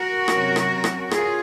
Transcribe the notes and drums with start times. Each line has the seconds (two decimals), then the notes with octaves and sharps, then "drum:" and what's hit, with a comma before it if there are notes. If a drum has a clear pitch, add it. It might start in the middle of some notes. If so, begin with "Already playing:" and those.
Already playing: F#4 A#4
0.28 C3 F#3 C#4, drum: rim click
0.56 drum: rim click
0.84 drum: rim click
1.11 C#4 F4 G#4, drum: rim click